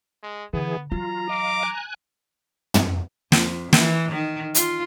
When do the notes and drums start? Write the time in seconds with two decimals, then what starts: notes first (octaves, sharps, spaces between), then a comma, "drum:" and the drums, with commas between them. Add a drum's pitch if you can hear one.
0.23 G#3
0.53 D3 E3 B3 G#4
0.92 E3 F#3 F4 A#5
1.29 D#5 F5 D6
1.63 G#5 F#6
2.74 drum: tom
3.32 F2, drum: snare
3.73 E3, drum: snare
4.12 D#3
4.55 F4, drum: hi-hat